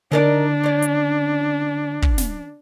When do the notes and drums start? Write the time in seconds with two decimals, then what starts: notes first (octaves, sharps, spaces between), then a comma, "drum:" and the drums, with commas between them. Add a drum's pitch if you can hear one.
0.12 D3 D4 D#4 A#4 D5
0.64 C#4 D5
0.82 drum: hi-hat
2.02 drum: kick
2.18 drum: snare